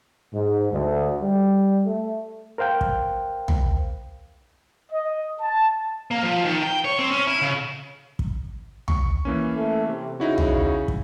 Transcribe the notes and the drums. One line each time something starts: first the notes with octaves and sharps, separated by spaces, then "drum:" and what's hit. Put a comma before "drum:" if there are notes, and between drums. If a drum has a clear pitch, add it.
G#2
D2
G3
A3
A#4 C5 F5 G5
drum: kick
drum: tom
D#5
A5
A#3
F3
D#3
G5
C#5
C4
C#4
E4
C#3
drum: kick
C#6, drum: tom
E3 A#3 C#4
A3
C3
C#3 D#4 E4 F#4
drum: tom
drum: kick